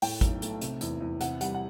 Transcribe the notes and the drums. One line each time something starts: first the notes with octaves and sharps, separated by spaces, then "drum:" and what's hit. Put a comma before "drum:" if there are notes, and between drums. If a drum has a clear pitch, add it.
A2 G5, drum: open hi-hat
B1, drum: kick, hi-hat
A3, drum: hi-hat
C3, drum: hi-hat
E2, drum: hi-hat
E2
C3 F#5, drum: hi-hat
G3 F#5, drum: hi-hat
F#5